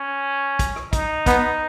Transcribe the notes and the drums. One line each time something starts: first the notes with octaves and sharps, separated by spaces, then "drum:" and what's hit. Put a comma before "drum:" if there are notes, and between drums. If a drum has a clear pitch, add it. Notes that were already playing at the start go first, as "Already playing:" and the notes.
Already playing: C#4
drum: kick, hi-hat
drum: rim click
D#4, drum: kick, hi-hat
B3, drum: kick, hi-hat